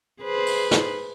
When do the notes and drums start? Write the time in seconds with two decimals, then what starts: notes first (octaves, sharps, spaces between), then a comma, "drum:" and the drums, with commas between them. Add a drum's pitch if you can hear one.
0.22 G#4 B4 C5
0.46 drum: open hi-hat
0.71 drum: snare